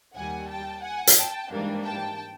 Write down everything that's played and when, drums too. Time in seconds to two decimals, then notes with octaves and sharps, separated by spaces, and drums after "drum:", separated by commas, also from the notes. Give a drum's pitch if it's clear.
0.16 D#2 D#3 G3 F#5 G#5
0.49 G5 A5
0.83 F#5 G#5
1.07 drum: hi-hat
1.17 G5 A5
1.50 G#2 E3 G3 A#3 D4
1.83 G5 A5